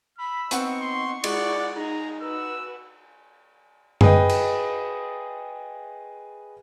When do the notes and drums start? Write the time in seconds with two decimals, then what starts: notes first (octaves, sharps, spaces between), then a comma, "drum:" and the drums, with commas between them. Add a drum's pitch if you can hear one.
0.18 B5 E6
0.51 B3 C4 D#4 F#5 C#6, drum: hi-hat
0.81 C6
1.24 G#3 E4 D5 F#5, drum: cymbal
1.76 D#4 G#4 A#5
2.22 F#4 B4 E6
4.01 G#4 B4 D#5 G5, drum: tom F#2
4.29 drum: cymbal